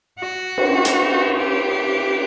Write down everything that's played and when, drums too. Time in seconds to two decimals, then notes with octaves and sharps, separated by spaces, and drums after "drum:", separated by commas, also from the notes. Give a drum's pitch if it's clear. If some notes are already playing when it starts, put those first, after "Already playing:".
0.20 F#4
0.58 drum: cymbal
0.85 drum: hi-hat
1.40 G4